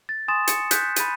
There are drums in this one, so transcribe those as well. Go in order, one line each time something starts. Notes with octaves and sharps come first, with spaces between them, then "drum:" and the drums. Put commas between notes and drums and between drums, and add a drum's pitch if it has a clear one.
A6
G#5 C6 C#6 D#6 A6 E7
C#7, drum: hi-hat
F#6 G6 B6, drum: hi-hat
B5 A6 D#7, drum: hi-hat